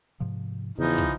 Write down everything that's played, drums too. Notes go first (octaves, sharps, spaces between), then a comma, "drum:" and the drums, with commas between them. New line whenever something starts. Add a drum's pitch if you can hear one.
G#2 C3 F3
E2 C#3 E3 F3 D#4
drum: kick